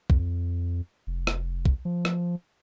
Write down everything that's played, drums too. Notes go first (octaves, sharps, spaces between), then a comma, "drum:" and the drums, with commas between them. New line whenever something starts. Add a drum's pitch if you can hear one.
F2, drum: kick
F1
drum: rim click
drum: kick
F3
drum: rim click